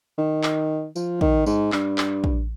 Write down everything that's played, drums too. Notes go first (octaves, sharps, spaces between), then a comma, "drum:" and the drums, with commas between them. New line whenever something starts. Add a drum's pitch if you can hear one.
D#3
drum: clap
F3, drum: tambourine
D#3, drum: kick
G#2, drum: tambourine
G2, drum: clap
drum: clap
drum: kick